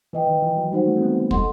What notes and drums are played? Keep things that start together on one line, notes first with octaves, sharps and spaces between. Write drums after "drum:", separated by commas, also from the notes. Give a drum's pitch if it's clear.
E3 B4 D#5 G5
D#3
E3
F#3
G3 D#4 F#4 C5 F#5
A3
C4
B3
G3 A4 D#5 F#5 C6, drum: kick